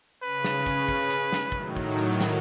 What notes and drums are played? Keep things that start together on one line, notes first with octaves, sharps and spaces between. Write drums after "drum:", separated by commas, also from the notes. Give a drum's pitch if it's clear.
C#3 B4
drum: snare
drum: kick, hi-hat
drum: kick
drum: hi-hat
drum: snare
A2 D#3 F#3, drum: kick
drum: kick
drum: hi-hat
drum: snare